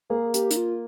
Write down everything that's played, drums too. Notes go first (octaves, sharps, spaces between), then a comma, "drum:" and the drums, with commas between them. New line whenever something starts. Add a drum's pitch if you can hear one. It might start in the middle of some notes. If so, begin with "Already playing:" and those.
A#3 G#4
G4, drum: hi-hat
D#4, drum: hi-hat
F4